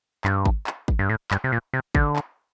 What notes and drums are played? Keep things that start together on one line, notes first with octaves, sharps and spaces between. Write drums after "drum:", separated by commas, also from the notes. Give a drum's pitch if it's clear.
G2, drum: clap
drum: kick G#1
drum: clap
drum: kick G#1
G2
A2
G2, drum: clap
C3
A#2
C3
D3, drum: kick G#1
drum: clap